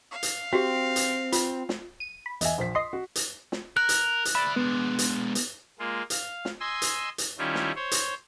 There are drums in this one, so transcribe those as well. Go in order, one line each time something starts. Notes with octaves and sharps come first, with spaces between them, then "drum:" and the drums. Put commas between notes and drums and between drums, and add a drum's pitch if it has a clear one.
F5
drum: hi-hat
C4 F#4 G4
drum: hi-hat
F4, drum: hi-hat
drum: snare
D#7
B5
E2 D#5 E5 G#5, drum: hi-hat
A#1 C5 B6
D#5 C6 C7
F#4
drum: hi-hat
drum: snare
A#4 F#6
drum: hi-hat
drum: hi-hat
D5 E5 B5
G#3 B3 D4
drum: hi-hat
drum: hi-hat
G#3 A#3 F4
F5, drum: hi-hat
drum: snare
D#5 G#5 C6 E6
drum: hi-hat
drum: hi-hat
D#3 G3 C#4 E4 F4
drum: snare
C5 C#5
drum: hi-hat